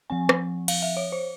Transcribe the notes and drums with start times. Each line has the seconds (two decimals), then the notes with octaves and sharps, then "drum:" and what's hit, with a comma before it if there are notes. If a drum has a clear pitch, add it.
0.10 F3 C4 G#5
0.29 drum: rim click
0.68 F5, drum: cymbal
0.82 E5
0.97 C#5
1.12 C5